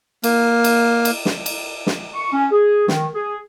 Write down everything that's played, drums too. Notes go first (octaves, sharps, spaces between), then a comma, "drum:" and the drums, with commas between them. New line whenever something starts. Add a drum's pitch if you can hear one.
A#3, drum: cymbal
drum: cymbal
drum: cymbal
drum: snare
drum: cymbal
drum: snare
C#6
C#4
G#4
D#3, drum: snare
G#4